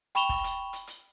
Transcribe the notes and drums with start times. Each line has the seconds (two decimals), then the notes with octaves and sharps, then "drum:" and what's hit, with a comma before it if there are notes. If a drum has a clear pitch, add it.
0.15 G5 B5 C#6 E7 F7 G7, drum: hi-hat
0.29 drum: kick, open hi-hat
0.44 drum: hi-hat
0.73 drum: hi-hat
0.87 drum: hi-hat